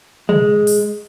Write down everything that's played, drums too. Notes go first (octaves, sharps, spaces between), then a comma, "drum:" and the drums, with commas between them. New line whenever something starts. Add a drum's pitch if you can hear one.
G#3, drum: tom
drum: open hi-hat